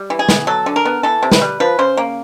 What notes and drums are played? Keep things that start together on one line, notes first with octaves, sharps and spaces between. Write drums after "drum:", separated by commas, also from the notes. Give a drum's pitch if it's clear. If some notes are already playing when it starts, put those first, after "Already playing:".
Already playing: G3
E3
G#4
B3, drum: snare
F#3 A4
D3
A#4
B3
E3 A4
C3
B4, drum: snare
G3
F3 B4
C#3 C5
A#3